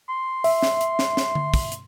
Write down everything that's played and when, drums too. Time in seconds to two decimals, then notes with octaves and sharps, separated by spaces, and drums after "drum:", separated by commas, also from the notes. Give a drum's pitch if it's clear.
0.09 C6
0.44 E5, drum: open hi-hat
0.63 drum: snare
0.81 drum: hi-hat
0.99 drum: snare
1.17 drum: snare
1.35 drum: tom D3
1.54 drum: kick, open hi-hat
1.72 drum: hi-hat